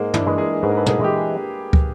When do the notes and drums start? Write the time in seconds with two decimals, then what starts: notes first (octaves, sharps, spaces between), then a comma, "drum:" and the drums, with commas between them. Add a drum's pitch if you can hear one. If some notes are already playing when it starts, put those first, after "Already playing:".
Already playing: G#2 G#3 A#3
0.14 D4 E4, drum: tom
0.26 E3 G#3 B4
0.38 G#4 A#4
0.62 G#2 B4
0.69 A#4
0.77 A4 B4
0.86 G#4 A#4, drum: tom
0.99 E3 G#3 G4
1.73 drum: kick